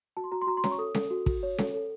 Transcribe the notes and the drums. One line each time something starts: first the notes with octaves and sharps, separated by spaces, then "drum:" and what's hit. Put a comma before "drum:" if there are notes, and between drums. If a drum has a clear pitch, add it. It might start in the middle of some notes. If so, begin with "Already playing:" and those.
F#4 A5
C6
F#4 A#5
C6
F#4 A#5
C6
C#5 A#5, drum: snare C#4
C#6
A4 D#6
A4, drum: snare C#4
F#4
F#4, drum: kick
C#5
A4, drum: snare C#4
A4